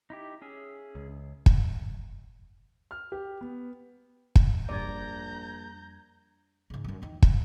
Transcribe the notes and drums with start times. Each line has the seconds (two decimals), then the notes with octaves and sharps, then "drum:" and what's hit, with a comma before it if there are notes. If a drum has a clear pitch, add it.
0.10 D#4 E4 G4
0.42 C#4 G#4 E5
0.95 C#2
1.46 drum: kick
2.91 F6
3.12 G4
3.41 B3
4.36 drum: kick
4.69 A#1 F2 G3 D5 A#5 G6 G#6
6.70 G#2 C#3
6.84 F#2 F#3
7.02 E2 D#3
7.22 E3, drum: kick